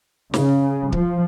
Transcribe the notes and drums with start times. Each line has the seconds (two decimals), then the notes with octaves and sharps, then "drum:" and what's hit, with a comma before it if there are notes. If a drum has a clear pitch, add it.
0.34 C#3, drum: snare
0.92 F3, drum: kick C#1